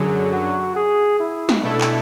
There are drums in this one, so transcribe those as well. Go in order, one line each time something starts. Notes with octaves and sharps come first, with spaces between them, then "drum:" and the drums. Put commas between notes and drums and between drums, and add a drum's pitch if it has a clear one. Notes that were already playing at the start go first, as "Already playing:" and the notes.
Already playing: F#2 D3 F#3 G#4
F#4
G#4
E4
drum: snare
B2 A3 D4 E4 A4
drum: clap